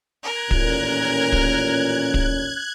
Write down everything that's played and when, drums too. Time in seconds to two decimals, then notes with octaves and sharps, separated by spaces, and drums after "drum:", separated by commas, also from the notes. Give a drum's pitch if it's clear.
0.21 A#4 F#6 G#6
0.51 A1 D#2 A#2 C#4, drum: kick
1.32 drum: kick
2.14 drum: kick